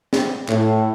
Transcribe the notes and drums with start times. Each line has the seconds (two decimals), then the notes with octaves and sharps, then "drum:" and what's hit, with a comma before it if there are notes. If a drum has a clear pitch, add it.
0.13 drum: snare
0.48 A2, drum: clap